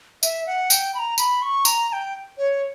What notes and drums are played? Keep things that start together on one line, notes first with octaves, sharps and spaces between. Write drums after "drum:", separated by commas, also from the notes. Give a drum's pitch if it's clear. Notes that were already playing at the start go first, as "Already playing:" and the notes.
E5, drum: tambourine
F#5
G5, drum: tambourine
B5
A#5
B5, drum: tambourine
C#6
A#5, drum: tambourine
A#5
G5
C#5